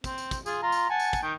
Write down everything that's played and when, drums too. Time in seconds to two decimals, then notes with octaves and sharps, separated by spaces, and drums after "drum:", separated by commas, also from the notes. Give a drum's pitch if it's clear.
0.04 C4, drum: kick, tambourine
0.18 drum: tambourine
0.31 drum: kick, tambourine
0.46 F4 G#4, drum: tambourine
0.63 F4 A#5 C6
0.72 drum: tambourine
0.90 F#5 G#5 A5
1.00 drum: tambourine
1.13 drum: kick, tambourine
1.22 D#3 G5